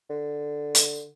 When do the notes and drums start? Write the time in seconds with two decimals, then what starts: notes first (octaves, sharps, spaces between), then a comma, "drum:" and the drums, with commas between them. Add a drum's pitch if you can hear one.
0.10 D3
0.75 drum: hi-hat